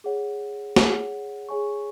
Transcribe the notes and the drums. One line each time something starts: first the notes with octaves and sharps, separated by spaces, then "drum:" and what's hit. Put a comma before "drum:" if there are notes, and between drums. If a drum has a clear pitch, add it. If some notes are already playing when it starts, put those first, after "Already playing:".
G#4 C#5 F#5
G#4 C#5 F#5, drum: snare
G#4 C#5 G#5 C#6